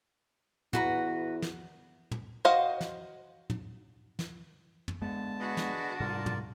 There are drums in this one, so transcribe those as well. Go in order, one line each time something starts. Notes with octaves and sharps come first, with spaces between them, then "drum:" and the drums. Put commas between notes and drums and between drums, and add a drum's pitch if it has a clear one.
E2 F#4 B4 A#5, drum: tom
drum: snare
drum: tom
F#4 C5 D#5 F5
drum: snare
drum: tom
drum: snare
drum: tom
D3 G#3 B3 A5
D4 F#4 G#4 B4 D#5
drum: snare
G#2 C3 G3 F4 A#4 D5
drum: tom